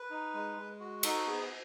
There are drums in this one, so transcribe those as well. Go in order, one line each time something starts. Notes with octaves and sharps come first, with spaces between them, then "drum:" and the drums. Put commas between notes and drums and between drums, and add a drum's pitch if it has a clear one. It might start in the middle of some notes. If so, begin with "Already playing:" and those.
Already playing: B4
D#4
G#3
G#3
F#4
D#4 A4, drum: cymbal
B3 G#4